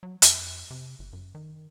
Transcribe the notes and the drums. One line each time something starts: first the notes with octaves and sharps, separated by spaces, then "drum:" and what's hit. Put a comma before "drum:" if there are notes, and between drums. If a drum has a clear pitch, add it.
F#3
F2, drum: hi-hat
C3
G1
F#2
D#3